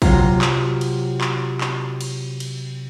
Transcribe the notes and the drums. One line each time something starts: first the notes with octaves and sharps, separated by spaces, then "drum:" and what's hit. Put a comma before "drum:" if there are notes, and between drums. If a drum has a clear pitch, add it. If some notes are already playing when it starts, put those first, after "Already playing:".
C3 F#3 F4 A#5, drum: kick, cymbal
drum: clap
drum: cymbal
drum: clap
drum: clap
drum: cymbal
drum: cymbal